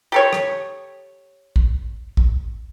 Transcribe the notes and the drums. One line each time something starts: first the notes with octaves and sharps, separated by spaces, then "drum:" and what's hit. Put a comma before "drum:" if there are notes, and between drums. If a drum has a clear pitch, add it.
G4 A4 C#5
drum: rim click
drum: kick
drum: kick